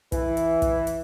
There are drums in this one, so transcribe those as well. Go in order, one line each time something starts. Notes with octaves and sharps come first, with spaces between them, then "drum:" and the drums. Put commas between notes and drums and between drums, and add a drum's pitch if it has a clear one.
E3, drum: kick, hi-hat
drum: hi-hat
drum: kick, hi-hat
drum: hi-hat